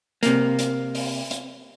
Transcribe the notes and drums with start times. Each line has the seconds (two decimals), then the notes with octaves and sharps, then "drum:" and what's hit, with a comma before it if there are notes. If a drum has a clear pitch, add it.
0.23 C3 A#3, drum: hi-hat
0.59 drum: hi-hat
0.95 drum: open hi-hat
1.31 drum: hi-hat